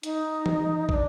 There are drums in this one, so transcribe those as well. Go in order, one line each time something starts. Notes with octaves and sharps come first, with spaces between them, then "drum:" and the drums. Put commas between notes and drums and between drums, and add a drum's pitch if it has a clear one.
D#4, drum: hi-hat
drum: tom E3
D#4, drum: kick
D4